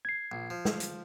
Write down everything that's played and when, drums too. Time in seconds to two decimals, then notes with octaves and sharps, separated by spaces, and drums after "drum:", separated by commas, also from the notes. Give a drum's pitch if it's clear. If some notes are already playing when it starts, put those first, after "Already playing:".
0.05 G#6 C7
0.32 A#1
0.50 F3
0.65 drum: snare
0.80 drum: hi-hat